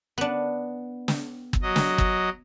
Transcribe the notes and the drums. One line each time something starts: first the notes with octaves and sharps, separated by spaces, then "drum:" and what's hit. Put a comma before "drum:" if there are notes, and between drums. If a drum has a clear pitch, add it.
B3 D4
drum: snare
drum: kick G1
F#3 D#5
drum: snare
drum: kick G1